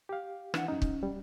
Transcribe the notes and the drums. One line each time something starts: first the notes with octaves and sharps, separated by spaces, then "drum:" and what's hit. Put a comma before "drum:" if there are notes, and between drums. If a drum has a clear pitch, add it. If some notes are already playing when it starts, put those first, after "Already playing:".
G4 F5
E3 D4 F#5, drum: rim click
F#2 C#4 D#4
drum: kick
G3